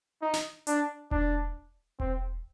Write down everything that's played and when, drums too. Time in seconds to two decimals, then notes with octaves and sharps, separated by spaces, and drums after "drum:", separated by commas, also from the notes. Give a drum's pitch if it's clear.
0.22 D#4
0.33 drum: snare
0.67 D4, drum: hi-hat
1.11 D4, drum: kick E1
2.00 C4, drum: kick E1